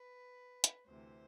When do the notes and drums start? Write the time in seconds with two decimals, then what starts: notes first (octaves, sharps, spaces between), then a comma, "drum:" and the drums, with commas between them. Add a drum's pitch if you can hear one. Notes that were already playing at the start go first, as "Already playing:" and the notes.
Already playing: B4
0.64 drum: hi-hat
0.87 D2 C3 E3 C5